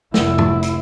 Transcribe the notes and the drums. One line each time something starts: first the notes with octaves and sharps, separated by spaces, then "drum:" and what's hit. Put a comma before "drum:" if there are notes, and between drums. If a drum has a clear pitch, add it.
F1 E4, drum: snare
drum: tom
drum: hi-hat